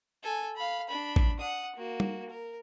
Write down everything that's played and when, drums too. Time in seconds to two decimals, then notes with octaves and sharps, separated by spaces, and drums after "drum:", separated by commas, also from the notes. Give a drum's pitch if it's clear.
0.23 A4 G#5
0.57 F5 B5
0.89 D4 B5
1.16 drum: kick
1.39 F#5 D#6
1.76 A#3 F#4
2.00 drum: tom
2.30 A#4